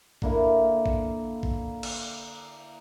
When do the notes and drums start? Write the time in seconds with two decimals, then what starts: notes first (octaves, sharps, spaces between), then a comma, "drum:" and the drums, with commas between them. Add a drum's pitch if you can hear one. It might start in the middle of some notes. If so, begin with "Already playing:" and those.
0.22 D3 A#3 E4, drum: kick A1
0.86 drum: kick A1
1.43 drum: kick A1
1.83 drum: cymbal